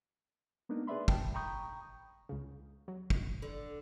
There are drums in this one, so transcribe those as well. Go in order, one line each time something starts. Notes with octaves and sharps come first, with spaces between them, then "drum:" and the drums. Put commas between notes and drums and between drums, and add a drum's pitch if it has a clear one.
G#3 A#3 B3 D4 D#4
G#4 B4 D5 E5 B5 C6
G5 A5, drum: kick
G5 A#5 B5 C#6 D#6 G6
C#2 C#3
F#3
drum: kick
D3